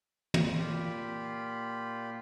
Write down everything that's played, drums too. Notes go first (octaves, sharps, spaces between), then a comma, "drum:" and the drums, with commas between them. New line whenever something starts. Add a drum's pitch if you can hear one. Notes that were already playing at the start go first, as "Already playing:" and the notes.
drum: tom
A#2 F4 G4 B5